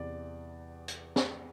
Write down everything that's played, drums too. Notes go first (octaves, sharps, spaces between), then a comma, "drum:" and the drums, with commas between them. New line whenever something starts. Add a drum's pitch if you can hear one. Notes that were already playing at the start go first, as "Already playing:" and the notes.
Already playing: E2 C3 E3 D5
drum: hi-hat
drum: snare